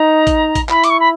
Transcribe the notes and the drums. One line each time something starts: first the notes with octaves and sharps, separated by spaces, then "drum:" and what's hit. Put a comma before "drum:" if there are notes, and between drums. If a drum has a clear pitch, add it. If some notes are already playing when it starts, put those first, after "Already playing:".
Already playing: D#4 A#5
drum: kick A1, hi-hat
drum: kick A1, hi-hat
E4 B5, drum: clap
D6, drum: hi-hat
C#6
B5